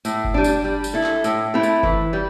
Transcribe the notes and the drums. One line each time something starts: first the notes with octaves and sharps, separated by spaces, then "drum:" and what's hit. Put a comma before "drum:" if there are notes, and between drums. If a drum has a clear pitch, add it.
A2, drum: tambourine
drum: kick G1
G3 D4
drum: tambourine
G3
drum: tambourine
E4 A4
drum: clap
A2, drum: tambourine
A3 C4 E4
drum: tambourine
E3, drum: kick G1
G3